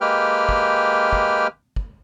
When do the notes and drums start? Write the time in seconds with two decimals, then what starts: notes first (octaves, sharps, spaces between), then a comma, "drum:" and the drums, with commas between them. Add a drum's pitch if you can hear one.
0.01 G#3 A#3 G4 B4 G5 F6
0.49 drum: kick
1.13 drum: kick
1.76 drum: kick